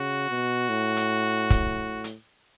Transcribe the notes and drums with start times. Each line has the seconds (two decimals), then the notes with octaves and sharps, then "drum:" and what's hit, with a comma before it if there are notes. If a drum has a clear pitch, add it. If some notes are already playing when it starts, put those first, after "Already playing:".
Already playing: C#3 F#4
0.29 B2
0.69 A2
0.97 drum: hi-hat
1.50 drum: kick, hi-hat
2.04 drum: hi-hat